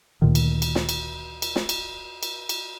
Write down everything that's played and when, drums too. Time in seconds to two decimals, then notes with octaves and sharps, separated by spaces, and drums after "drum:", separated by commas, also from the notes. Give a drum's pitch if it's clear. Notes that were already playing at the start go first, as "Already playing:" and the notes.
0.22 D2 A#2 D#3
0.35 drum: cymbal
0.62 drum: cymbal
0.75 drum: snare
0.89 drum: cymbal
1.42 drum: cymbal
1.56 drum: snare
1.69 drum: cymbal
2.23 drum: cymbal
2.49 drum: cymbal